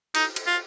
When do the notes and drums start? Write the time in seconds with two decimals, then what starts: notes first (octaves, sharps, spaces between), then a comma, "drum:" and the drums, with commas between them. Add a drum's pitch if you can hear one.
0.15 D#4, drum: cymbal
0.36 drum: cymbal
0.47 F4